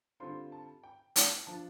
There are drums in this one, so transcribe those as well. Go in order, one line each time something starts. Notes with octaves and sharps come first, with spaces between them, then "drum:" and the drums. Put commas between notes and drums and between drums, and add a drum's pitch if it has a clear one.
D3 G3 C4 F4 C6
A5
G5
A5, drum: hi-hat
F3 D4 F4 A5